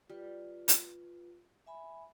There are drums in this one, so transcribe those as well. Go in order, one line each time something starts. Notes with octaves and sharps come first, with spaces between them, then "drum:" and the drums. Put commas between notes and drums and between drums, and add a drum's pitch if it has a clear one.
G3 F4 B4
drum: hi-hat
E5 G#5 B5